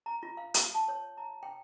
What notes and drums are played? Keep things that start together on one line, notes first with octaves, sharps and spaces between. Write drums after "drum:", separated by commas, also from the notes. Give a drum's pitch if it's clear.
A#5
F4
F5
D#6, drum: hi-hat
A5
C#5
A#5
G5